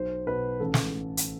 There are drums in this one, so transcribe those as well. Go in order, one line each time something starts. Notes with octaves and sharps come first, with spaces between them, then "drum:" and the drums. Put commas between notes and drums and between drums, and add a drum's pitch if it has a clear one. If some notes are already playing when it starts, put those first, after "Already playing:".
Already playing: B1 C5
B2 B4
A1 A4
drum: snare
drum: hi-hat